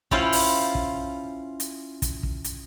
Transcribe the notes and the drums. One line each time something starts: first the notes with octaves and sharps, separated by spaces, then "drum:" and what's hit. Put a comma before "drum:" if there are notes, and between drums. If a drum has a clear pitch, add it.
C#4 E4 F4 C5 F5 G5, drum: kick
drum: open hi-hat
drum: kick
drum: hi-hat
drum: kick, hi-hat
drum: kick
drum: hi-hat